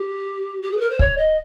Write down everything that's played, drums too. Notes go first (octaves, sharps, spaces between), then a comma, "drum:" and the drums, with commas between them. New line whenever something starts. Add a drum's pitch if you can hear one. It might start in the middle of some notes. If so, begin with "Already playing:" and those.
Already playing: G4
G4
G#4
B4
A#4
C5
C#5, drum: kick
D#5